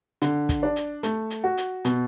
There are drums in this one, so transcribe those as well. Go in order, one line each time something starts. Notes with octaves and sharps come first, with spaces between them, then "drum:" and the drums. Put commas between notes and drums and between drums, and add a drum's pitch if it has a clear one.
D3, drum: hi-hat
drum: kick, hi-hat
D4
drum: hi-hat
A3, drum: hi-hat
drum: hi-hat
F#4
drum: hi-hat
B2, drum: hi-hat